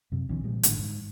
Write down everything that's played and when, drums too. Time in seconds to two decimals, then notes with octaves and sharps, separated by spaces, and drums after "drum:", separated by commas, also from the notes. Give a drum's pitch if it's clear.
0.12 F#2 C3
0.29 B1 D3 E3 C4
0.44 A#2 F3 G3 G#3
0.63 G#1 A2 D3, drum: hi-hat
0.79 G#2